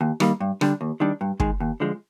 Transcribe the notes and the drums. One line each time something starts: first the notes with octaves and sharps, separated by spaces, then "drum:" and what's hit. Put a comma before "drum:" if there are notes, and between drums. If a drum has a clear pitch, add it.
D#2
D#3 G3 A#3, drum: rim click
G2
D3 G3 D4, drum: rim click
D#2
D#3 G3 D4
G2
D#3 G#3, drum: kick
D#2
D3 F3 G#3